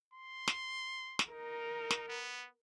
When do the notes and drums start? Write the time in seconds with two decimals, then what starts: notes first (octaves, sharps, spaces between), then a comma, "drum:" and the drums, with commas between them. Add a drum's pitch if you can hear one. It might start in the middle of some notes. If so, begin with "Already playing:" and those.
0.14 C6
0.48 drum: snare
1.19 drum: snare
1.30 D#4 A#4
1.91 drum: snare
2.08 B3